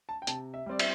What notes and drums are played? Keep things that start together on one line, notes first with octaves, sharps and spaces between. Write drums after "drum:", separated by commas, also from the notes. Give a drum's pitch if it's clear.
A5
G5
C3 A5, drum: hi-hat
E5
G3 C4 D5
E5, drum: cymbal